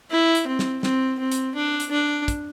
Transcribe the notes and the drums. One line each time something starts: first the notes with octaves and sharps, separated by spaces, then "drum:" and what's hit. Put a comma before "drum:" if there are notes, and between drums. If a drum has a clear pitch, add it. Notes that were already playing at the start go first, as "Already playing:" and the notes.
E4
drum: hi-hat
C4
drum: snare
C4, drum: snare
C4
drum: hi-hat
D4
drum: hi-hat
D4
drum: kick, hi-hat